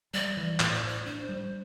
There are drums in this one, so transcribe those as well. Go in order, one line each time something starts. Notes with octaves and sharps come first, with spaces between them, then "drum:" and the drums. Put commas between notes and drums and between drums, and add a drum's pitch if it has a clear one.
G3 D5
E3
A2 D5, drum: clap
C5
A2 D5
D4 C5
G3